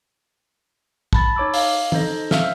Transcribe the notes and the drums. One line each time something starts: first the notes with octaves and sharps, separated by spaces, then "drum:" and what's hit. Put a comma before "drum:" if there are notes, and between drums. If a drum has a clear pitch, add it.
A5 B5 A6, drum: kick
D#4 C#5 D6 E6
F5, drum: open hi-hat
D#4 A4 C5 D#5, drum: tom
C5 E5 F5 E6 F6, drum: snare